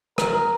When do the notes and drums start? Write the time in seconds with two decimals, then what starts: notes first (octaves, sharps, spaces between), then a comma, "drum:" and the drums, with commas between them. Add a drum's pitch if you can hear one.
0.18 A#4, drum: rim click